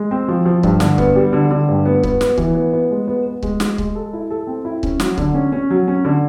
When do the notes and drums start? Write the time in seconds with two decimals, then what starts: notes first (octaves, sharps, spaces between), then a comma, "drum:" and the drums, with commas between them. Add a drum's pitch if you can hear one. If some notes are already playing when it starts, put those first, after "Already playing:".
Already playing: G#3
0.11 C4
0.28 F3
0.46 F3
0.63 G2, drum: kick C#1
0.80 D3, drum: snare
0.98 B3, drum: kick C#1
1.16 G3
1.33 D3
1.51 D3
1.69 G2
1.85 B3
2.03 B3, drum: kick C#1
2.21 B3, drum: snare
2.38 E3, drum: kick C#1
2.55 B3
2.73 B3
2.91 G#3
3.08 B3
3.26 B3
3.43 G#3, drum: kick C#1
3.60 G#3, drum: snare
3.78 G#3, drum: kick C#1
3.95 A4
4.13 E4
4.30 A4
4.47 C4
4.65 E4
4.83 C#4, drum: kick C#1
5.00 F#3, drum: snare
5.18 D3, drum: kick C#1
5.34 C#4
5.52 C#4
5.70 F#3
5.88 C#4
6.05 D3